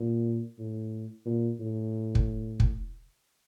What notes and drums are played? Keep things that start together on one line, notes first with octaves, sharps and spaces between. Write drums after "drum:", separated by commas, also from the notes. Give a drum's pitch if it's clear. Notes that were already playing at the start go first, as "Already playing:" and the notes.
Already playing: A#2
A2
A#2
A2
drum: kick
drum: kick